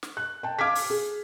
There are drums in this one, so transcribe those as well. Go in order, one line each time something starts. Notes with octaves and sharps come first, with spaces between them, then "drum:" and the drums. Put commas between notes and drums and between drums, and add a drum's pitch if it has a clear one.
drum: snare
F#6
G5 A5
F5 D6 F6 G#6 B6
drum: open hi-hat
G#4